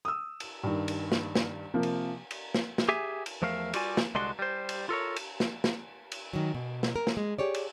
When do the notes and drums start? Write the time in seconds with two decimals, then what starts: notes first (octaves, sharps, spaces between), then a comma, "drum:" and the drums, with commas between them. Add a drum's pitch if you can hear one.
0.05 D#6 E6
0.40 drum: cymbal
0.63 G2 D#3
0.88 drum: cymbal
1.12 drum: snare
1.35 drum: snare
1.74 C3 F3 A#3
1.83 drum: cymbal
2.31 drum: cymbal
2.54 drum: snare
2.78 drum: snare
2.89 G4 G#4 E5 G#5
3.26 drum: cymbal
3.42 E2 F3 A3 A#4 F5
3.74 G3 F4 F#4 D5 G#5, drum: cymbal
3.97 drum: snare
4.15 C2 D3 G#3 D4 F#4 C6
4.39 G3 C5
4.69 drum: cymbal
4.89 F4 A4 A#4 C#5
5.16 drum: cymbal
5.40 drum: snare
5.64 drum: snare
6.12 drum: cymbal
6.33 D#3 F#3
6.54 B2
6.83 drum: snare
6.96 A#4
7.07 drum: snare
7.17 G#3
7.38 G4 G#4 C#5 D5
7.54 drum: cymbal